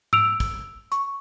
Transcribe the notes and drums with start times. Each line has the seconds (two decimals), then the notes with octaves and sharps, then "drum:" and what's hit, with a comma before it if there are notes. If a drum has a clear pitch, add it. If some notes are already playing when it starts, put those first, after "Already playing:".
0.13 E6 D7 F7, drum: tom G#2
0.40 drum: kick, hi-hat
0.92 C#6, drum: hi-hat